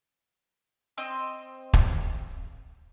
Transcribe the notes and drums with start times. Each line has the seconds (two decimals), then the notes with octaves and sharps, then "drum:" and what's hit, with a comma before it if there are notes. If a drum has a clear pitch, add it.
0.98 C4 D#5 C6
1.74 drum: kick